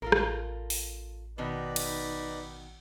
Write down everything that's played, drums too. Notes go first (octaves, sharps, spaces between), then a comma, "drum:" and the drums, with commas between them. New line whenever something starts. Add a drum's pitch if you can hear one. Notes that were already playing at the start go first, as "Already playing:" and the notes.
A1 F4 A4 A#4
drum: rim click
drum: open hi-hat
B2 D#3 D#4 B4 D5
drum: cymbal